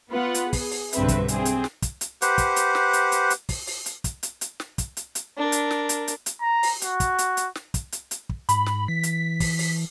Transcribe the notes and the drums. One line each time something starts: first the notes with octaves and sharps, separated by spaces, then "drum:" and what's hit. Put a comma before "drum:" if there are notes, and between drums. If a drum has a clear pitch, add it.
B3 F4 B4 F#5
drum: hi-hat
G#4, drum: kick, open hi-hat
drum: open hi-hat
B1 G2 D3 C4 B4 E5, drum: hi-hat
drum: kick, hi-hat
G3 C4 G#4, drum: hi-hat
drum: hi-hat
drum: snare
drum: kick, hi-hat
drum: hi-hat
G4 B4 C5 F#5, drum: hi-hat
drum: kick, hi-hat
drum: hi-hat
drum: snare
drum: hi-hat
drum: hi-hat
drum: hi-hat
drum: kick, open hi-hat
drum: open hi-hat
drum: hi-hat
drum: kick, hi-hat
drum: hi-hat
drum: hi-hat
drum: snare
drum: kick, hi-hat
drum: hi-hat
drum: hi-hat
D4 A#4
drum: hi-hat
drum: snare
drum: hi-hat
drum: hi-hat
drum: hi-hat
A#5
drum: open hi-hat
F#4, drum: hi-hat
drum: kick, hi-hat
drum: hi-hat
drum: hi-hat
drum: snare
drum: kick, hi-hat
drum: hi-hat
drum: hi-hat
drum: kick
G#2 B5, drum: hi-hat
drum: snare
E3 B6
drum: hi-hat
drum: kick, open hi-hat
drum: open hi-hat